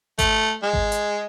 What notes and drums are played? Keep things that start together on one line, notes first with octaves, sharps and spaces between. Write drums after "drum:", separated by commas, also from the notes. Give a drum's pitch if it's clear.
A3, drum: kick G#1, hi-hat
G#3
drum: kick G#1
drum: hi-hat